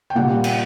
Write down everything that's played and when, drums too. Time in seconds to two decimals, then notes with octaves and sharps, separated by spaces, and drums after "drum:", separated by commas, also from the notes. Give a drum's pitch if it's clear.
0.10 G5
0.15 A#2 G3 A#3 F#5
0.44 drum: cymbal